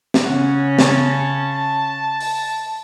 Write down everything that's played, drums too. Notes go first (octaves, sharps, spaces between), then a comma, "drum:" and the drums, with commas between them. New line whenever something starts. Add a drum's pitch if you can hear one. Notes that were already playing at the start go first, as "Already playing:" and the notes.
drum: snare
C#3 C#4 F#5
A5, drum: snare
drum: open hi-hat